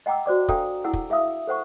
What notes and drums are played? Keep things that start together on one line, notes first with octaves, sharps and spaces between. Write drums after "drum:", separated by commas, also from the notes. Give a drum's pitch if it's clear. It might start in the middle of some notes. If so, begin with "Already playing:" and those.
D#5 F#5 G5 A#5 D6 E6
F#4 C5 D5 D6
D4 A4 F5 G5 A#5 D#6, drum: kick
E4 G#4 F#5 E6
drum: kick
G#4 E5 F5 D#6 E6
A4 C5 F#5 C#6